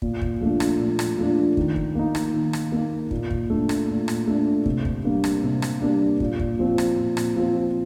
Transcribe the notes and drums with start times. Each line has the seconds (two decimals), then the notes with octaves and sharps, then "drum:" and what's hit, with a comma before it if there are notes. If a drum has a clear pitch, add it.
0.02 A#2, drum: kick
0.22 drum: kick
0.41 F3 A3 D4
0.60 drum: rim click
0.80 A#2
0.99 drum: rim click
1.18 F3 A3 D4
1.57 D#3, drum: kick
1.76 drum: kick
1.95 A#3 D#4
2.15 drum: rim click
2.34 D#3
2.53 drum: rim click
2.72 A#3 D#4
3.11 A#2, drum: kick
3.31 drum: kick
3.50 A3 D4
3.69 drum: rim click
3.88 A#2
4.08 drum: rim click
4.27 A3 D4
4.66 C3, drum: kick
4.85 drum: kick
5.04 G3 A#3 D4
5.24 drum: rim click
5.44 C3
5.62 drum: rim click
5.82 G3 A#3 D4
6.20 A#2, drum: kick
6.40 drum: kick
6.59 F3 C4
6.78 drum: rim click
6.97 A#2
7.17 drum: rim click
7.36 F3 C4